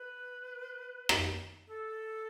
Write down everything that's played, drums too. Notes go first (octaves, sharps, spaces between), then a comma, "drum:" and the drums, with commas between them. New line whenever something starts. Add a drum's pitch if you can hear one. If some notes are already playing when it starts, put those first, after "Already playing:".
Already playing: B4
drum: rim click
A4